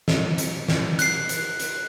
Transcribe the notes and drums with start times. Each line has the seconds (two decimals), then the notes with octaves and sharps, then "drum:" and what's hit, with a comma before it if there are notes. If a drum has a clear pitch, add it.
0.08 drum: snare
0.38 drum: hi-hat
0.68 drum: snare
0.99 F#6 C7, drum: hi-hat
1.29 drum: hi-hat
1.60 drum: hi-hat